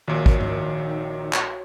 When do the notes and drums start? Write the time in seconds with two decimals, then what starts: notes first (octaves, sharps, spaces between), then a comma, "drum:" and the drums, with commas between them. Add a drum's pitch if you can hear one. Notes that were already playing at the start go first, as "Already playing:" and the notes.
0.08 A#1 A#2 D#3 F#4 C#5
0.26 drum: kick
0.41 drum: tom G#2
1.33 drum: clap